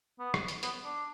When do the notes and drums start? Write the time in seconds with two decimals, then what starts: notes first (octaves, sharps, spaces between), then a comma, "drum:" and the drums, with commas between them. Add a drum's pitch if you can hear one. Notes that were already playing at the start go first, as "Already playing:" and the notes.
0.19 B3
0.34 drum: rim click
0.48 drum: hi-hat
0.63 B3, drum: hi-hat
0.85 D4